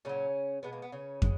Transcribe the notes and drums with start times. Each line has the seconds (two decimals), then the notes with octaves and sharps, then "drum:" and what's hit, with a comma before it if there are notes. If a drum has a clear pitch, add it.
0.05 A#2 C#3 F#3 C#4
0.63 B2 G#3 B3
0.72 A#3
0.82 B3
0.92 C#3 C#4
1.22 B2 G#3, drum: kick